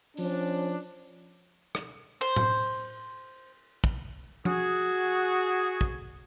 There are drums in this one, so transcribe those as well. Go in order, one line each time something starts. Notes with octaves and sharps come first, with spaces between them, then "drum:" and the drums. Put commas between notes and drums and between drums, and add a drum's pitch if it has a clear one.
F3 C#4 D4, drum: open hi-hat
drum: rim click
C5, drum: cymbal
drum: tom A2
drum: kick
F#4 G#4, drum: tom F3
drum: kick